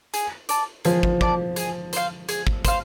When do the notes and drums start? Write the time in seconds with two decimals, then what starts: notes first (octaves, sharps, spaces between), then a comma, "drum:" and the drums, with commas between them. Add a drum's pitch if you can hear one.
0.14 G#4, drum: hi-hat
0.49 D5 A5, drum: hi-hat
0.85 F3 G#4, drum: hi-hat
1.03 drum: kick
1.21 D5 A5, drum: kick
1.56 G#4, drum: hi-hat
1.93 C5 F5, drum: hi-hat
2.29 G#4, drum: hi-hat
2.47 drum: kick
2.65 C5 F5, drum: kick, hi-hat